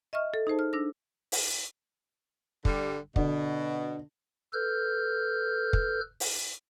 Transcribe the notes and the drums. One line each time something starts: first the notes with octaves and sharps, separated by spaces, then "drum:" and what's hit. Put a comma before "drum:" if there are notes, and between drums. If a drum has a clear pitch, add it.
D#5 E5 C#6 F6
A4
D#4 G#4 C5 A5
F6
D4 E6 A#6
drum: open hi-hat
D3 G3, drum: kick
B2 D3, drum: kick
A4 B4 F6 G6
drum: kick
drum: open hi-hat